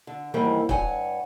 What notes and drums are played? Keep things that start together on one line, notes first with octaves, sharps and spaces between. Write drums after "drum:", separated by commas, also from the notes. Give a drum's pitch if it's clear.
D3
D#2 G#2 E3 G3 A#3
G2 C#5 F#5 G#5, drum: kick